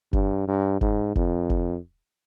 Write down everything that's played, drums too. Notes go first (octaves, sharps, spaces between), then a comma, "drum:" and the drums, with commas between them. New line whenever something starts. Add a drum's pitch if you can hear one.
G2, drum: kick F#1
G2
G#2, drum: kick F#1
F2, drum: kick F#1
drum: kick F#1